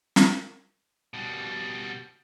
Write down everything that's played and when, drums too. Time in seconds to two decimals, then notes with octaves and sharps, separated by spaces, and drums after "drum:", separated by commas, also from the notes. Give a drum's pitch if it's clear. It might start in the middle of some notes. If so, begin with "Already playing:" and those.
0.16 drum: snare
1.14 B2 G3